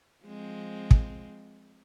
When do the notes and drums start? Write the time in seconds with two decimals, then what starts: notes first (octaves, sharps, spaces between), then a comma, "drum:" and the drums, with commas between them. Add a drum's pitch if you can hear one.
0.25 F3 G#3 C4
0.91 drum: kick